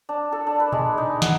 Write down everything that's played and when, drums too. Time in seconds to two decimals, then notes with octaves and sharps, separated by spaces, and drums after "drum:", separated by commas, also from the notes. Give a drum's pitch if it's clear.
0.09 D4
0.32 A4
0.47 D4
0.60 B4
0.72 G#3, drum: tom A#2
0.98 D#4
1.22 F#5, drum: snare